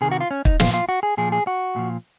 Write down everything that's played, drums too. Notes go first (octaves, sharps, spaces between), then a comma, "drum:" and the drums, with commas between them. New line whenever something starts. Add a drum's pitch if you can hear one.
C3 D#3 G#4
F#4
F4
C#4
D#4, drum: kick
A#2 F3 F4, drum: snare
F4
F#4
G#4
A#2 F3 G#4
G#4
F#4
A#2 F3